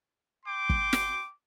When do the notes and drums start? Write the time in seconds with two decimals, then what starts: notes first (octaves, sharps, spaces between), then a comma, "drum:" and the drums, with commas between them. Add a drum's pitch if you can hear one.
0.46 G5 C6 D6
0.69 drum: kick
0.93 drum: snare